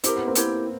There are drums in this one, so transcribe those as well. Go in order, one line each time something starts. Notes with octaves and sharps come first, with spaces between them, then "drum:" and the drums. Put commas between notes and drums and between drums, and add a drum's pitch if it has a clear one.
C4 E4 G4 A#4, drum: hi-hat
B3
A#3 C4
E4 G4 A#4, drum: hi-hat